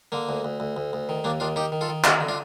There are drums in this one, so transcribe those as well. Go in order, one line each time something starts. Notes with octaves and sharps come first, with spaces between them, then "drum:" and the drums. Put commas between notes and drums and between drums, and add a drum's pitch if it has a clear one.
D3 A#3
D2
D2
D2
D2
D2
D#3
D#2 A#3 D4
D#3 D4 F4
D#3 D#4 G4
D#3
F4 A4
D#3
D3 D#4 G4, drum: clap
D3
D4 F4